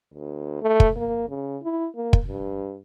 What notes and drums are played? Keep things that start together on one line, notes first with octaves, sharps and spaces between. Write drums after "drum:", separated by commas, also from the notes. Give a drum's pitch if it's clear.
D2
A3
drum: kick
A#3
C#3
E4
A#3
drum: kick
G2